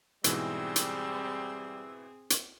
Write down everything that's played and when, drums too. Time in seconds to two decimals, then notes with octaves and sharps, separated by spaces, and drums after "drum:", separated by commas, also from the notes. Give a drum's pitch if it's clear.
0.24 G#2 B2 E3 G3 C4 G#4 E6, drum: hi-hat
0.76 drum: hi-hat
2.30 drum: hi-hat